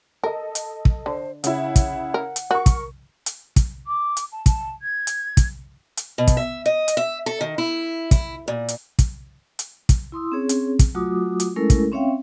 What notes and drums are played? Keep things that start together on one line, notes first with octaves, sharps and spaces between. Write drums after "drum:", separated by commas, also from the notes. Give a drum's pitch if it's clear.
A4 A#4 D#5
drum: hi-hat
drum: kick
D3 C5
C#3 E4 F#5, drum: hi-hat
drum: kick, hi-hat
A#4
drum: hi-hat
F#4 A#4 C#6
drum: kick, hi-hat
drum: hi-hat
drum: kick, hi-hat
D6
drum: hi-hat
A5
A5, drum: kick, hi-hat
G#6
drum: hi-hat
drum: kick, hi-hat
drum: hi-hat
B2
drum: kick, hi-hat
E5
D#5
drum: hi-hat
E5
A4
D#3
E4
E4, drum: kick, hi-hat
A#2
drum: hi-hat
drum: kick, hi-hat
drum: hi-hat
drum: kick, hi-hat
E4 C6 D#6 E6
C4 C#4 G#4 C#5
drum: hi-hat
drum: kick, hi-hat
F#3 A3 F4 F#4 D6 D#6
drum: hi-hat
G#3 A3 C#4 E4 A4 A#4
drum: kick, hi-hat
C4 C#4 C#5 E5 F5 G5